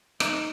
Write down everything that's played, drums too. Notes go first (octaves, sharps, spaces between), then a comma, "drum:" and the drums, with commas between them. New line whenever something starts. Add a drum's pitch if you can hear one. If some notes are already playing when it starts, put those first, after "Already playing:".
D#4, drum: rim click